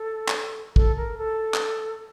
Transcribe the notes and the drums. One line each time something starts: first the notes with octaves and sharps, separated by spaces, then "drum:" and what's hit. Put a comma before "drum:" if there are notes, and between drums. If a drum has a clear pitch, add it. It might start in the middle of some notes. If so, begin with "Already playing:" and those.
Already playing: A4
drum: clap
A4, drum: kick
A#4
A4
drum: clap